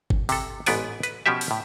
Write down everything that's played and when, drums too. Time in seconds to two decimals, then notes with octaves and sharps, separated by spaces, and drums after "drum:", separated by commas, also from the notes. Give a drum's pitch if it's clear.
0.10 drum: kick G1
0.29 C3 A4, drum: open hi-hat
0.66 A1 G#2 B3 D5 G#5, drum: open hi-hat
1.03 B4, drum: hi-hat
1.26 B2 F3 C#4 G4 E5
1.41 drum: open hi-hat
1.51 A2